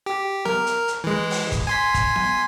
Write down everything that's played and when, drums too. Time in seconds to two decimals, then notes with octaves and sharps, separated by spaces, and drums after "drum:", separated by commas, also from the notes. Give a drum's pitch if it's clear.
0.06 G4
0.45 A#4, drum: snare B3
0.67 drum: hi-hat
0.88 drum: hi-hat
1.04 E3 G#3
1.31 drum: open hi-hat
1.52 drum: kick, hi-hat
1.67 G#5 C6 B6
1.94 drum: kick, hi-hat
2.16 drum: snare B3